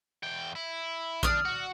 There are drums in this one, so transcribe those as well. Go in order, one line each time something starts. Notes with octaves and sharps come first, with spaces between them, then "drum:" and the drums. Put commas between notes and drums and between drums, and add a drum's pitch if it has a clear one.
E2 G5
E4
D4 D5 D#6 F6, drum: kick A#1
F#4